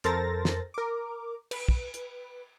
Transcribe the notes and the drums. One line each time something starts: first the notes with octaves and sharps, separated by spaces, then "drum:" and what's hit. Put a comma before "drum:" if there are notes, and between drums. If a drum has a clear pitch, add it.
F2 A4 A#4 C5 A6 A#6, drum: hi-hat
drum: snare
A#4 D6
B4, drum: cymbal
drum: kick
drum: hi-hat